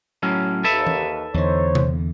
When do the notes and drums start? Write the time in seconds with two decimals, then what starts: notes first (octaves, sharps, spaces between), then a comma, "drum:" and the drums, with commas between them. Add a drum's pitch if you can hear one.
0.23 A2 F#3 C#4
0.64 D#2 A4 B4 E5
0.87 drum: tom E3
1.34 E2 D3 D#4 C5 C#5
1.75 drum: tom C3